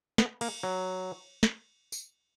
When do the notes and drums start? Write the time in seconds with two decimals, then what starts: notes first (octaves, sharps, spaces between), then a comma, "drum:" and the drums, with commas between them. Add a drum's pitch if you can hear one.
0.18 B3, drum: snare
0.41 A#3, drum: cymbal
0.63 F#3
1.43 drum: snare
1.92 drum: tambourine